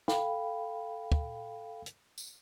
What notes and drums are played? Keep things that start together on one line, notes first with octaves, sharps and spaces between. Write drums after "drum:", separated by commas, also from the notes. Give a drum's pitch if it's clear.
A4 F5 G5 B5, drum: snare
drum: kick
drum: hi-hat
drum: tambourine